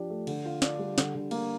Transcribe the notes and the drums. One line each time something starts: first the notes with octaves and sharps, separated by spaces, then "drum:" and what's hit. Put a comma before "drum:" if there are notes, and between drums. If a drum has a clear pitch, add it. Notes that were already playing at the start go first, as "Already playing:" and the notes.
Already playing: F3 D4 G4
A3
D3, drum: cymbal
F4
D4, drum: snare
G3
D3, drum: snare
D3
A#3, drum: cymbal